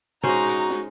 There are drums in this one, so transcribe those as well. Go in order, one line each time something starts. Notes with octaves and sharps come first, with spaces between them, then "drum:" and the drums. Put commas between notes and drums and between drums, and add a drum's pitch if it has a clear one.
G#3 C#4 D#4 F#4 C5 A#5, drum: tom
drum: hi-hat
drum: snare